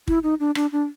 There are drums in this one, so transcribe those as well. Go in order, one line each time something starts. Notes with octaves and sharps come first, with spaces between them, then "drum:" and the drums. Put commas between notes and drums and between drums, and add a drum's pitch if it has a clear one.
E4, drum: kick
D#4
D4
D4, drum: rim click
D4